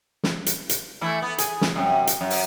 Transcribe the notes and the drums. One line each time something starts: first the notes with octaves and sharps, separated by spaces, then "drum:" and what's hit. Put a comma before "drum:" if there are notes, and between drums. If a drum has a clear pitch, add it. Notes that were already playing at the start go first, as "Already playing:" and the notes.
drum: snare
drum: hi-hat
drum: hi-hat
E3 A3 E4
B3
G#4, drum: hi-hat
drum: snare
F#2 C3
drum: hi-hat
F#2
drum: open hi-hat